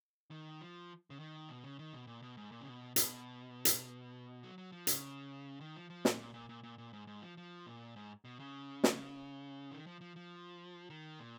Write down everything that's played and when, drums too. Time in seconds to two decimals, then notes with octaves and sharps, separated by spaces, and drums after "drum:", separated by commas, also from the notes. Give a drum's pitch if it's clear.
0.31 D#3
0.61 F3
1.10 C#3
1.20 D#3
1.49 B2
1.64 C#3
1.79 D#3
1.93 B2
2.07 A#2
2.22 B2
2.37 G#2
2.52 A#2
2.61 C#3
2.67 B2
2.96 B2, drum: hi-hat
3.65 drum: hi-hat
4.43 F#3
4.58 F#3
4.72 F3
4.87 C#3, drum: hi-hat
5.61 D#3
5.75 F3
5.90 F3
6.05 A#2, drum: snare
6.19 A#2
6.34 A#2
6.49 A#2
6.63 A#2
6.78 A#2
6.93 G#2
7.07 G#2
7.22 F3
7.37 F3
7.67 A#2
7.96 G#2
8.25 B2
8.39 C#3
8.84 drum: snare
9.71 D#3
9.87 F3
10.01 F3
10.16 F3
10.90 D#3
11.19 A#2